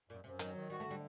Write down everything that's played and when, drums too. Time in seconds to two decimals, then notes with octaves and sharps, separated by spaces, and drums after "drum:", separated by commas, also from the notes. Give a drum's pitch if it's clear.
0.09 F#2 A#2
0.24 F#2 C3
0.39 D#3 F#3, drum: hi-hat
0.55 D#3
0.70 G3 F#4
0.80 A3
0.85 D3
0.91 G3